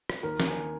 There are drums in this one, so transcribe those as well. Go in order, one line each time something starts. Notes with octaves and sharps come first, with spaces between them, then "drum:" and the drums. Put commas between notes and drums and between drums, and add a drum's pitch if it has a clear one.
drum: rim click
D#2 A#4
D#2, drum: snare
G#5